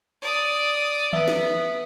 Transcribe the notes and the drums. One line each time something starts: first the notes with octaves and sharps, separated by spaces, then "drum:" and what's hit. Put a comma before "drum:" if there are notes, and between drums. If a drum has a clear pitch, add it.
D5 D#6
B3 E5, drum: tom D#3
drum: snare